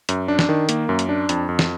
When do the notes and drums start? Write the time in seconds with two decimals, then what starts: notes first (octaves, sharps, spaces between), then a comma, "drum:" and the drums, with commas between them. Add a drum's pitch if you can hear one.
0.09 F#2, drum: hi-hat
0.28 D4
0.39 drum: snare
0.49 D#3
0.69 A#3, drum: hi-hat
0.89 F#2
0.99 drum: hi-hat
1.09 D4
1.29 F2, drum: hi-hat
1.49 F2
1.59 drum: snare